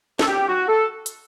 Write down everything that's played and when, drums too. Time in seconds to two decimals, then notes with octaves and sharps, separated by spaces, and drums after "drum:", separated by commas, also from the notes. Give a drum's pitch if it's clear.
0.19 A4, drum: snare
0.28 G4
0.48 F#4
0.68 A4
1.06 drum: hi-hat